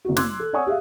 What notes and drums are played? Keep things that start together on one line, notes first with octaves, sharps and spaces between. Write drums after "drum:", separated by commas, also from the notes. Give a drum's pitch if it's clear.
F#1 F#4
C6 D6 E6 F#6 G#6, drum: snare
A4
C#5 D5 F#5 G#5 C#6 D#6
G4 G#4 E5 F5